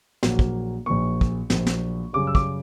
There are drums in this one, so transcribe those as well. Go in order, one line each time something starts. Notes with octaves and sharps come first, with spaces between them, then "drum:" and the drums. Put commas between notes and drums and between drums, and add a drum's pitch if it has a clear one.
A#1 A#2 F#3 A#3, drum: snare
drum: kick
A#1 A#2 F#3 A#3 C#6
drum: kick
A#1 A#2 F#3 A#3, drum: snare
drum: snare
F#2 C#3 G3 D6
E6
D6, drum: kick